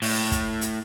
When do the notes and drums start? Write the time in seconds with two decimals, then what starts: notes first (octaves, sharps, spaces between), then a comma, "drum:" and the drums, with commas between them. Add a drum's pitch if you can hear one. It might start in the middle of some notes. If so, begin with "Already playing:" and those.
0.02 A2, drum: open hi-hat
0.32 drum: kick, hi-hat
0.61 drum: hi-hat